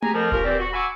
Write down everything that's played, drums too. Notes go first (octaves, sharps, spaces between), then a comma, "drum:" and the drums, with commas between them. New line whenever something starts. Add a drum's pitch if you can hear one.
G4 G#4 G#5 A#5, drum: tom A3
F2 F3 A#4
C#4 F4 G4 A#4, drum: kick D#1
D#3 E3 C4 G4 C5 D5
F#4
F#5 G#5 B5 C#6 D6 E6